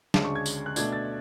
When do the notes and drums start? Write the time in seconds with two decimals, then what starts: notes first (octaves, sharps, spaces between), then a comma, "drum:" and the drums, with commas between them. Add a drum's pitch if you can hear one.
0.14 D2 C#3 G#3 D4 A5, drum: snare
0.25 C#6
0.35 G#6
0.46 drum: tambourine
0.66 F#6
0.76 B2 A3 D4 G#6, drum: tambourine
0.92 A6